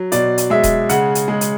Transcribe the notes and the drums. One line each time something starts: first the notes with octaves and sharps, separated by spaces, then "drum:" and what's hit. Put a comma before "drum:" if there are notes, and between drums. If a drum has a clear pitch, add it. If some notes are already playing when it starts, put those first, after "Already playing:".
Already playing: F#3
B2 D5, drum: hi-hat
drum: hi-hat
G#3 E5
drum: kick D#1, hi-hat
C#3 F#5, drum: hi-hat
drum: hi-hat
G#3
drum: hi-hat